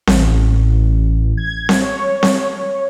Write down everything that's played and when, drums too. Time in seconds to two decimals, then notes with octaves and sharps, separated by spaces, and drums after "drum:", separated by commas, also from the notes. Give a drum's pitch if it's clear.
0.07 A1, drum: snare C4
1.37 G#6
1.69 drum: snare C4
1.82 C#5
2.23 drum: snare C4